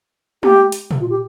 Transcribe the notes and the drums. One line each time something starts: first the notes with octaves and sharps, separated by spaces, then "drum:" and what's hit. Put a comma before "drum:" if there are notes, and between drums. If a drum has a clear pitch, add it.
G4, drum: tom
drum: hi-hat
drum: tom
F4
G4